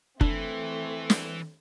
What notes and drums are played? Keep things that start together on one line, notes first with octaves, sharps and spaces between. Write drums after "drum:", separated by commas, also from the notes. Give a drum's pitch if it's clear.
E3 A3 C4 D4, drum: kick F#1
drum: snare